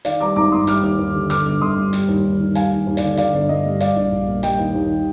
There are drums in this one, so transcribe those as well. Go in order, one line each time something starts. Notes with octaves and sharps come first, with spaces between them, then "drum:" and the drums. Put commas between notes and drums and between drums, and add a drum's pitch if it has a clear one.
D#3 D5 F5, drum: hi-hat
G3 A#5 D6
G#1 A#5 D6
G2 C6 D#6
G3 D6 F6, drum: hi-hat
D#2
D#2
D3
D3 D6 F6, drum: hi-hat
G1
G1 C6 D#6
G2
G3, drum: hi-hat
D#2
D#2
D#3
G3 F5 G#5, drum: hi-hat
D#2
D#2
D5 F5, drum: hi-hat
D3
D3 D5 F5, drum: hi-hat
G1
G1 D#5
G2
G3 D5 F5, drum: hi-hat
A#1
A#1
A#2
G3 D#5 G5, drum: hi-hat
D#2
D#2
D#3